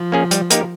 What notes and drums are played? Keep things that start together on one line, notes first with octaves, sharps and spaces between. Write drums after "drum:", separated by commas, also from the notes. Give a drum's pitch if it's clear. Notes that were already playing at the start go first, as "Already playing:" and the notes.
Already playing: F3
A#3 C#4 G#4
G3, drum: hi-hat
A#3 D#4 G4 A#4, drum: hi-hat